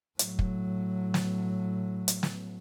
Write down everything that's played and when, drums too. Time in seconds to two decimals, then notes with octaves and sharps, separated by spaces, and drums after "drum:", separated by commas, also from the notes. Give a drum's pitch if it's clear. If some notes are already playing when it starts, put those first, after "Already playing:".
0.19 A2 F#3, drum: hi-hat
0.39 drum: kick
1.14 drum: snare
2.08 drum: hi-hat
2.23 drum: snare